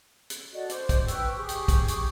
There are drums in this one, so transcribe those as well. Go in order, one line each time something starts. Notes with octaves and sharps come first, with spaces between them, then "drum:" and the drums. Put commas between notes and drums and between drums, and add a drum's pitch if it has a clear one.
drum: hi-hat
F#4 A4 D5 D#5
C5 D6, drum: hi-hat
drum: kick, hi-hat
B4 G5 C#6 E6, drum: hi-hat
G4 G#4 C#6
drum: hi-hat
drum: kick, hi-hat
drum: hi-hat